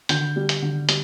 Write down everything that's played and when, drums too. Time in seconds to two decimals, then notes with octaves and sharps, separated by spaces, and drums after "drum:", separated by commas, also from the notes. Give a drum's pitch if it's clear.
0.09 D3 G6, drum: hi-hat
0.36 G3
0.49 drum: hi-hat
0.62 D3
0.89 G3, drum: hi-hat